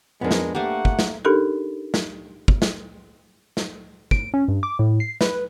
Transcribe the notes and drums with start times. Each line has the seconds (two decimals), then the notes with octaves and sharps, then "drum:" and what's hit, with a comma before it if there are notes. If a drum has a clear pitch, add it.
0.21 F2 G#3 B3 D4 A#4
0.31 drum: snare
0.55 A3 A#3 G4 F#5
0.85 drum: kick
0.99 drum: snare
1.25 D4 D#4 G4 A4 A#4
1.94 drum: snare
2.48 drum: kick
2.62 drum: snare
3.57 drum: snare
4.11 D7, drum: kick
4.34 C#4
4.48 G2
4.63 D6
4.79 A2
5.00 C7
5.21 B4, drum: snare